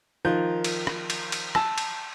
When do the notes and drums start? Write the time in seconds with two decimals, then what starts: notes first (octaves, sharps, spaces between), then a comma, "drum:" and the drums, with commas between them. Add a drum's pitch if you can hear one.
0.25 D#3 F3 F4 A#4 F#6 G6
0.64 drum: cymbal
0.87 drum: rim click
1.10 drum: cymbal
1.32 drum: cymbal
1.55 A5 E6, drum: rim click
1.78 drum: cymbal